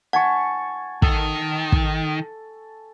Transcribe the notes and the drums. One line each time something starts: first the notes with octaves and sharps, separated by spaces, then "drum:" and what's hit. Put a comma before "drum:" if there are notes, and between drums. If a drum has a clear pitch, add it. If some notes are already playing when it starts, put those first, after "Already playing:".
F#5 G#5 A5 C#6
D#3 A4, drum: kick
drum: kick